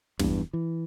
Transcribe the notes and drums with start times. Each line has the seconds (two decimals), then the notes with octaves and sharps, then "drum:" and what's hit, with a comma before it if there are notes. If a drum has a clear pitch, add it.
0.19 E2 G2, drum: snare
0.53 E3